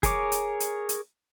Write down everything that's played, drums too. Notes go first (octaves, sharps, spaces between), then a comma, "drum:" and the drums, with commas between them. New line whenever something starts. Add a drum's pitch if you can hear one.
G#4 A#4 C#5 D6, drum: kick, hi-hat
drum: hi-hat
drum: hi-hat
drum: hi-hat